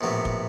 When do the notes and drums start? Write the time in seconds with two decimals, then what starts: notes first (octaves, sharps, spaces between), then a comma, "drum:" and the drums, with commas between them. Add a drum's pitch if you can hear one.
0.01 A#1 A2 F#3 B3
0.25 drum: kick